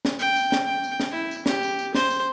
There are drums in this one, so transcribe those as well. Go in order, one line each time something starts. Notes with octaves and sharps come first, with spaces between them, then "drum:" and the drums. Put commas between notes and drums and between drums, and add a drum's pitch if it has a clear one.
drum: snare
G5, drum: tambourine
drum: tambourine
drum: snare
G5
drum: tambourine
drum: snare
E4
drum: tambourine
G4, drum: snare
drum: tambourine
drum: tambourine
C5, drum: snare
drum: tambourine